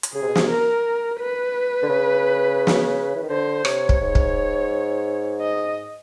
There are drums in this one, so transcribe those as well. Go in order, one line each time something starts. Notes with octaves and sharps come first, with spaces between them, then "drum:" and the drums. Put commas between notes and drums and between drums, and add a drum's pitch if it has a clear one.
drum: hi-hat
C#3 G#4
C3
B2
C3, drum: snare
A#4
B4
D3
C#3
drum: snare
E3
D#3
D3 C5
C3 C#5, drum: rim click
drum: kick
G#2
drum: kick
D#5